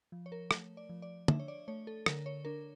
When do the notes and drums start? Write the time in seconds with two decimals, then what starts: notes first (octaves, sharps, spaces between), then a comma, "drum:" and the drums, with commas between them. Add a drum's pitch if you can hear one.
0.12 F3
0.26 C#5
0.32 A#4
0.51 A3, drum: rim click
0.77 D5
0.89 F3
1.02 D5
1.28 D4 E5, drum: tom
1.40 C#5
1.48 D5
1.68 A3 C#5
1.87 A4
2.06 D3 A#4, drum: rim click
2.26 C#5
2.45 D4 A#4